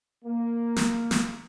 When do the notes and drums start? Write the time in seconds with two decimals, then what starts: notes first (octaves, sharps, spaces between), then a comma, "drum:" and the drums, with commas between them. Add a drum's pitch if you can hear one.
0.25 A#3
0.76 drum: snare
1.11 drum: snare